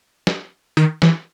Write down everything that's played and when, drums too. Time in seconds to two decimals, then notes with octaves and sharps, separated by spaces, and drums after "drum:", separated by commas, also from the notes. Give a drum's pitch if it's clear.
0.27 drum: snare
0.77 D#3, drum: hi-hat
1.02 E3, drum: snare